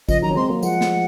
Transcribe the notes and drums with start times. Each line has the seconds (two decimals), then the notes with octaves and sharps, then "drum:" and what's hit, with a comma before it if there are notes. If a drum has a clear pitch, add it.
0.09 C#3 F3 D#5, drum: kick, tambourine
0.23 D#3 F#3 A#5
0.30 C#4
0.36 G#3 C4 C6
0.49 F#3 A#3
0.63 F3 G#3 F#5, drum: tambourine
0.81 drum: snare